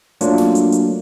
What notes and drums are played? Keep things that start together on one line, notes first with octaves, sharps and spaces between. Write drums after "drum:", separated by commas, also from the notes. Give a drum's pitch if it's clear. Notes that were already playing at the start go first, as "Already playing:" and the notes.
F#3 A3 A#3 D4 F4, drum: hi-hat
drum: snare
drum: hi-hat
drum: hi-hat